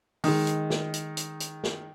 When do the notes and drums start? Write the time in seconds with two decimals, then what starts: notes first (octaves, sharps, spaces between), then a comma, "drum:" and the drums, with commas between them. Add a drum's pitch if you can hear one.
0.24 D#3 G#3, drum: open hi-hat
0.47 drum: hi-hat
0.70 drum: snare
0.94 drum: hi-hat
1.17 drum: hi-hat
1.40 drum: hi-hat
1.64 drum: snare